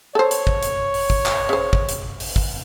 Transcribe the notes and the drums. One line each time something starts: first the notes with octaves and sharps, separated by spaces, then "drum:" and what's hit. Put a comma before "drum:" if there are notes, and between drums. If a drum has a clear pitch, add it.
A4 C5 C#5
drum: hi-hat
drum: kick
drum: hi-hat
drum: open hi-hat
drum: kick
drum: clap
C#3 C5
drum: kick
drum: hi-hat
drum: open hi-hat
drum: kick